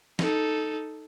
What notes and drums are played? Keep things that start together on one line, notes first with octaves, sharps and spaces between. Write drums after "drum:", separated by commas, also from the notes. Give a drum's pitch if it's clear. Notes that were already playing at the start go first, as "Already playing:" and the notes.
D#4 A4, drum: snare